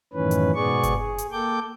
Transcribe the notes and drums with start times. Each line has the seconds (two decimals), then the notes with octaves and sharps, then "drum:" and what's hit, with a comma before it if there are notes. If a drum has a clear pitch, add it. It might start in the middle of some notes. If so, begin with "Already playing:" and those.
0.13 F#2 A2 D#3 E3 C#4 B4
0.31 drum: hi-hat
0.55 G#2 B2 B3 G#4 D5 C#6
0.83 drum: kick F#1, hi-hat
0.97 G#4
1.18 drum: hi-hat
1.32 A#3 A4 G5 D6 G6